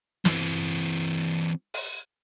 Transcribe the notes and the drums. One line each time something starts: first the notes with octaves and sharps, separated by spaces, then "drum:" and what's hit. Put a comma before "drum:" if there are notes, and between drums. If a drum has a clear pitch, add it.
E3 C4, drum: snare
drum: open hi-hat